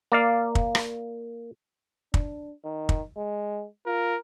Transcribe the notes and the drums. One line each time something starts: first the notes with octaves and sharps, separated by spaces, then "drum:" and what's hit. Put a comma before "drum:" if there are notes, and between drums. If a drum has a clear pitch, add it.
A#3 D5 F5
drum: kick
drum: rim click
D4, drum: kick
D#3
drum: kick
G#3
F4 A#4